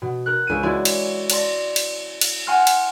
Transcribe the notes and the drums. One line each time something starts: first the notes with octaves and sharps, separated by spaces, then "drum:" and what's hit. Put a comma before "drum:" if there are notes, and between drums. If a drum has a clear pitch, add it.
B2
A#4 F#6
C#2 D#7
G#3 E4 F#4 C#5 D5
drum: cymbal
D5 A5 C6 A#6, drum: cymbal
drum: cymbal
drum: cymbal
F#5 G#5 C6 F6
drum: cymbal